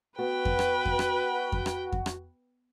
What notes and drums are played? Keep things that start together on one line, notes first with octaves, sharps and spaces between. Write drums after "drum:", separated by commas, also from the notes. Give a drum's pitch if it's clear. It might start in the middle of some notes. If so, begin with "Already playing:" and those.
B3 F#4 B4 G5
drum: kick F2
drum: rim click
drum: kick F2
drum: rim click
drum: kick F2
drum: rim click
drum: kick F2
drum: rim click